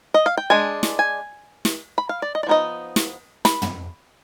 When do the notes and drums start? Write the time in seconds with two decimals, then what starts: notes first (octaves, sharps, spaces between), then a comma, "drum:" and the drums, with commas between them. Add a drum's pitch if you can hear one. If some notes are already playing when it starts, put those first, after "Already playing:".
0.14 D#5
0.26 F5
0.37 G5
0.50 G#3 D4 G#5
0.83 drum: snare
0.99 G#5
1.65 drum: snare
1.98 B5
2.09 F5
2.22 D5
2.35 D#5
2.43 D5
2.47 F3 B3 D#4 D#5
2.96 drum: snare
3.45 B5, drum: snare
3.62 drum: tom